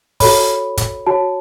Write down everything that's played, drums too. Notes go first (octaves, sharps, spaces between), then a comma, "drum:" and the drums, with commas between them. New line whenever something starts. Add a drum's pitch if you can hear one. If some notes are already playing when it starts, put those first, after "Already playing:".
F#4 A4 C#5 B5, drum: kick, open hi-hat
drum: kick, hi-hat
F#4 C#5 A5